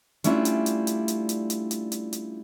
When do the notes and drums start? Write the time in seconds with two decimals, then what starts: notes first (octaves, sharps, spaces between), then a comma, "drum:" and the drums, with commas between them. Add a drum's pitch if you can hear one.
0.24 G3 A3 C#4 D4 E4 F4, drum: hi-hat
0.45 drum: hi-hat
0.66 drum: hi-hat
0.87 drum: hi-hat
1.08 drum: hi-hat
1.29 drum: hi-hat
1.50 drum: hi-hat
1.71 drum: hi-hat
1.92 drum: hi-hat
2.13 drum: hi-hat